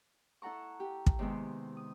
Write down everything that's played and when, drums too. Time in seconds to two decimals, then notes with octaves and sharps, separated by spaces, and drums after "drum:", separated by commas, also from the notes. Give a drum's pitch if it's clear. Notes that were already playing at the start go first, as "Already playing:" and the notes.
0.42 E4 A4 F#5 A#5 C#6
0.80 G4
1.06 drum: kick
1.19 C3 D#3 G#3 B3 C4
1.77 D#6